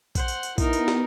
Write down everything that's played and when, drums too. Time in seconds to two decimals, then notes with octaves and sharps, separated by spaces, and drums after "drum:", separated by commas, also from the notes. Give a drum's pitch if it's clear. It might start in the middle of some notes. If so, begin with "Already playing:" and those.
0.15 C5 F#5, drum: kick A#1, tambourine
0.28 drum: tambourine
0.43 drum: tambourine
0.58 B3 D#4 E4 A#4, drum: kick A#1, tambourine
0.73 drum: tambourine
0.88 drum: snare